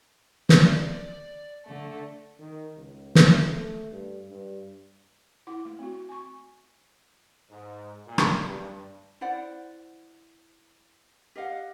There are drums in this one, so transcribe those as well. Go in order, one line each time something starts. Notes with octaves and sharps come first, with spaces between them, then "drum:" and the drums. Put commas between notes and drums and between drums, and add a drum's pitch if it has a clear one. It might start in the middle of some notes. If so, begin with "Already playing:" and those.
D5, drum: snare
D3 A3 A4
D#3
C#2
D#3, drum: snare
A3
G2
G2
E4 F#5 D6
A3
C4 F#4
G#5 C#6
G#2
A#2
drum: rim click
G2
E4 C5 D5 F#5
G4 D#5 F5 F#5